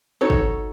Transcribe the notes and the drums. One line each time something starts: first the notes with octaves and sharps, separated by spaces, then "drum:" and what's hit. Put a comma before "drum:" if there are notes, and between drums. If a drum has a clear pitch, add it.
D#4 F#4 A4 C#5
drum: kick